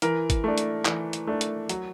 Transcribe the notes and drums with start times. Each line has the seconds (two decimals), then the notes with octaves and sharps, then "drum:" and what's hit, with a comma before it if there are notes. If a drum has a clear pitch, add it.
0.02 E3 A#4, drum: hi-hat
0.30 drum: kick, hi-hat
0.44 A3 D4
0.58 drum: hi-hat
0.85 E3, drum: clap
1.13 drum: hi-hat
1.27 A3 D4
1.41 drum: hi-hat
1.69 F#3, drum: hi-hat